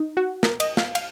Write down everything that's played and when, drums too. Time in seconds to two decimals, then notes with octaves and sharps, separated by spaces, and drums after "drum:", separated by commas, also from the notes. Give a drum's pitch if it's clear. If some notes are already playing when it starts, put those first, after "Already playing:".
Already playing: D#4
0.17 F#4
0.43 A#4, drum: snare
0.60 D#5, drum: cymbal
0.77 F5, drum: snare
0.95 F5, drum: cymbal